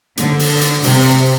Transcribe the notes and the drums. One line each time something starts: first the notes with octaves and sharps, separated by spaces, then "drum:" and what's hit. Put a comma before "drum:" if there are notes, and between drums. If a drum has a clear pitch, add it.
D3, drum: hi-hat
drum: open hi-hat
drum: hi-hat
C3, drum: open hi-hat